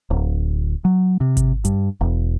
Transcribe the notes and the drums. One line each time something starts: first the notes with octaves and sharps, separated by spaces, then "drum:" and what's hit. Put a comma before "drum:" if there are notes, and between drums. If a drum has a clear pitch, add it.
D1
F#3
C3
drum: kick G#1, hi-hat
G2, drum: hi-hat
E1